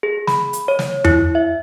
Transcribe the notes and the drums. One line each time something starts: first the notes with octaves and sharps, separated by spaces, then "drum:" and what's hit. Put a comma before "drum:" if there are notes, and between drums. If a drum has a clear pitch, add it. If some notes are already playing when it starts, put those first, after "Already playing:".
G#4
B5, drum: snare
drum: hi-hat
C#5
drum: snare
E4, drum: tom F2
E5